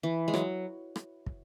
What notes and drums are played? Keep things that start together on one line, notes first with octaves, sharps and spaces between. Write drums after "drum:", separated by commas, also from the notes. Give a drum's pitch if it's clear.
E3
G#3
F#3, drum: rim click
drum: rim click
drum: kick